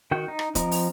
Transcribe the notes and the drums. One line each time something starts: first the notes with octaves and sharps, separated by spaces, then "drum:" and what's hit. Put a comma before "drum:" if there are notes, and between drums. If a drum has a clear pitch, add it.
D#3 F#4 G5 G6
D#4
drum: rim click
F3 C4 D#5 A#5, drum: kick, hi-hat
drum: open hi-hat